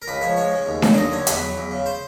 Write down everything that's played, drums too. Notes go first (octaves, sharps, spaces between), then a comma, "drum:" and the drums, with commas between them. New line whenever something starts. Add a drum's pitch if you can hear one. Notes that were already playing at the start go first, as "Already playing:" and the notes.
A#4
C#2 B4
F3 C#5
G#3 C#5
C#3
D#2
F#3, drum: snare D4
D5
D#2 D#5
D3 C#5
E2 B4, drum: hi-hat
F#3
E2
C#3
C5